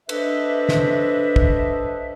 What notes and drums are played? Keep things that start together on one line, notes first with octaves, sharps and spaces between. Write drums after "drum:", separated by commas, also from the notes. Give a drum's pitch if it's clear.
D4 A4 B4 C5 D#5 E5, drum: cymbal
drum: snare
drum: kick